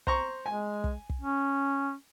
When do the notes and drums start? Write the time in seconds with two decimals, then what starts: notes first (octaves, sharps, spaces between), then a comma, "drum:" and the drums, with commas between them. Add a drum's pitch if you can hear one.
0.07 C5 A#5 C#6, drum: kick
0.46 G#3 G#5
0.84 drum: kick
1.10 drum: kick
1.22 C#4